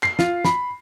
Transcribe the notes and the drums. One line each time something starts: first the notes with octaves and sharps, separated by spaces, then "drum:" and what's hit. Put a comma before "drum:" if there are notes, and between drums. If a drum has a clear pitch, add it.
C7, drum: clap
F4, drum: snare
B5, drum: snare